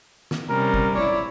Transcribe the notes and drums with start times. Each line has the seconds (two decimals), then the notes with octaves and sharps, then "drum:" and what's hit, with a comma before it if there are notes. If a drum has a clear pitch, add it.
0.31 drum: snare
0.49 C3 G3 C#4 A#4
0.74 drum: kick F#1
0.95 E4 C#5 D5